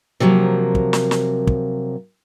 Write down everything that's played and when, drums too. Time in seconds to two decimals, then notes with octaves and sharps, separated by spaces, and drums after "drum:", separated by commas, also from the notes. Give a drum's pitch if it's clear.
0.20 C3 F3 F#3 A#3
0.75 drum: kick
0.93 drum: snare
1.11 drum: snare
1.47 drum: kick